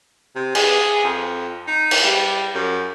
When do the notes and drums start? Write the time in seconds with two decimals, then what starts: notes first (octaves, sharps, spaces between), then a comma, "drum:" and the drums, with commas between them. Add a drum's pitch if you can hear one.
0.35 C3
0.55 G#4, drum: cymbal
1.04 F2
1.68 D#4
1.91 drum: cymbal
2.04 G3
2.55 F#2